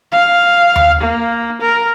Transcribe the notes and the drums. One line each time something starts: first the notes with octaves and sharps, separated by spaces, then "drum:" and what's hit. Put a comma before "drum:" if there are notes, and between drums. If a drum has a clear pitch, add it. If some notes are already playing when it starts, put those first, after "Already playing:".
F5
drum: tom D#2
A#3
A#4